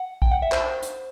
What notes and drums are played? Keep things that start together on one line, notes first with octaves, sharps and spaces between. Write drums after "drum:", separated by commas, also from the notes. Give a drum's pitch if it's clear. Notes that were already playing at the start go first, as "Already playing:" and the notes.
Already playing: F#5
G5, drum: kick
F#5
E5
C5, drum: clap
drum: hi-hat